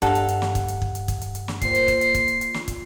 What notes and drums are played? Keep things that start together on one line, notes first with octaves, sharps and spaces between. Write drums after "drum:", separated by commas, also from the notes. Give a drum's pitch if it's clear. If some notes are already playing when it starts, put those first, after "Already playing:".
G2 G3 A4 F5 F#5, drum: kick, hi-hat
drum: hi-hat
drum: hi-hat
drum: snare
drum: kick, hi-hat
drum: hi-hat
drum: kick
drum: hi-hat
drum: kick, hi-hat
drum: hi-hat
drum: hi-hat
drum: snare
A#2 C5 C7, drum: kick, hi-hat
drum: hi-hat
drum: kick, hi-hat
drum: hi-hat
drum: kick, hi-hat
drum: hi-hat
drum: hi-hat
drum: snare
drum: kick, hi-hat